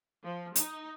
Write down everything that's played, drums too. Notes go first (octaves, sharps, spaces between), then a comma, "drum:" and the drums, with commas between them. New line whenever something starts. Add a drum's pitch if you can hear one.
F3
D#4, drum: hi-hat